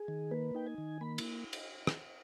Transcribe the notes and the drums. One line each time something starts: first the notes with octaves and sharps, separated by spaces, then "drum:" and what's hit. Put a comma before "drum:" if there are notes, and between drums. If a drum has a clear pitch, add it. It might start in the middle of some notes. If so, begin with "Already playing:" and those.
Already playing: G#4
D#3
A#3 B4
D#4 G5
G#5
D#3
A#3 B5
drum: cymbal
drum: cymbal
drum: rim click